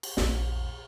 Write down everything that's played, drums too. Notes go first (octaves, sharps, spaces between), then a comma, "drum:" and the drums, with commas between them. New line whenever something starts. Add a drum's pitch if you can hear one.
drum: cymbal
A#1 E2, drum: snare